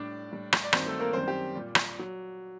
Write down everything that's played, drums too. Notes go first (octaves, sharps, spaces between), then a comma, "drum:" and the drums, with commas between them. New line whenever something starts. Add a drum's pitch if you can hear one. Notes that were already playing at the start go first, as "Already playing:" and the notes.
Already playing: A2 G3 D4 D5
A2 G3
drum: rim click
D5
G2 D#3 F#3 C4 C5, drum: rim click
A3 A4
A#3 A#4
F#2 D#3 G3 C4 C5
G4
A#2 G3
drum: rim click
F#3